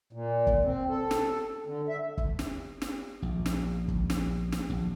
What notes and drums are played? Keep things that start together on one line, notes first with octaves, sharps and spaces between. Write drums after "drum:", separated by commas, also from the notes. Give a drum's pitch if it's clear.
A#2
drum: kick
C4
A4
drum: snare
D3
E5
drum: kick
drum: snare
drum: snare
A#1
drum: snare
drum: kick
drum: snare
drum: snare
A#1